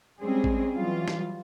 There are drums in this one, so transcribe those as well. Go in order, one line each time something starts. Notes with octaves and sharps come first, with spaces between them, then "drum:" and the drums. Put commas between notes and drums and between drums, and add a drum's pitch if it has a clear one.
G3 G#3 C4 C#4 G#4
drum: kick A1
E3 F#3 G3 F4
drum: snare